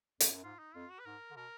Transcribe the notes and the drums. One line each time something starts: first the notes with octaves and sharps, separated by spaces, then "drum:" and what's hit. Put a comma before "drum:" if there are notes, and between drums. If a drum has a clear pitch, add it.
F2, drum: hi-hat
F#2
G#2 F4
D#4
F2 F4
F#4
B4
G#2 A#4
D3
B2 A#4